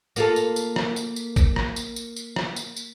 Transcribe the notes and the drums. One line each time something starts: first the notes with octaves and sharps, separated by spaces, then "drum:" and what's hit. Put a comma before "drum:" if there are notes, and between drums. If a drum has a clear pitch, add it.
A#3 F4 A4, drum: tambourine
drum: tambourine
drum: tambourine
drum: rim click
drum: tambourine
drum: tambourine
drum: kick, tambourine
drum: rim click
drum: tambourine
drum: tambourine
drum: tambourine
drum: rim click
drum: tambourine
drum: tambourine